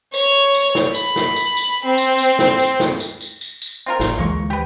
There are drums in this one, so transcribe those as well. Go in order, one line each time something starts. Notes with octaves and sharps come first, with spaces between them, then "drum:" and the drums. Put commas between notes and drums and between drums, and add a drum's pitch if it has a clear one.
C#5, drum: tambourine
drum: tambourine
drum: snare
B5, drum: tambourine
drum: snare
drum: tambourine
drum: tambourine
C4
drum: tambourine
drum: tambourine
drum: snare
drum: tambourine
drum: snare
drum: tambourine
drum: tambourine
drum: tambourine
drum: tambourine
C4 F4 A#4
A1, drum: snare
D2 E3 G#3 A#3 C#6
G4 B4